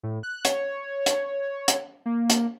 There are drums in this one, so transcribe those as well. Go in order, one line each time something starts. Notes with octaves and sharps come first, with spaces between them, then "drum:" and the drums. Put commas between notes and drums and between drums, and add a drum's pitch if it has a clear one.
A2
F#6
C#5, drum: hi-hat
drum: hi-hat
drum: hi-hat
A#3
drum: hi-hat